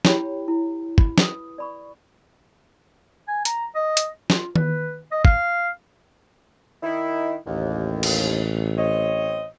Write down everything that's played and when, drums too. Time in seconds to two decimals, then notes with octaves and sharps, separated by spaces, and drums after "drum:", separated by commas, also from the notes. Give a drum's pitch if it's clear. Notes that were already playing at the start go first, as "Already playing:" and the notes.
0.05 E4 G4 C#5 G5 B5, drum: snare
0.48 E4
0.98 B5, drum: kick
1.18 B4 D#6, drum: snare
1.58 D5 B5 C#6
3.28 G#5
3.45 A#5, drum: hi-hat
3.75 D#5
3.97 drum: hi-hat
4.30 F4, drum: snare
4.55 B4, drum: tom D#3
5.12 D#5
5.25 F5, drum: kick
6.83 D#3 D#4 E4
7.47 A1 D#2
8.03 drum: cymbal
8.78 C4 C#5 D#5